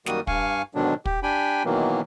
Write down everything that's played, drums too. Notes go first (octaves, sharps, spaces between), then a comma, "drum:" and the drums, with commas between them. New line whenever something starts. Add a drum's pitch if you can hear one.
F#2 D#3 G3 A#3 F#4 D#6, drum: snare
G2 F5 G#5 C#6, drum: kick
G#2 B2 D3 D#3 F#3 D4
G4, drum: kick
D4 G4 G5 G#5 B5
B2 D#3 E3 F#3 A#3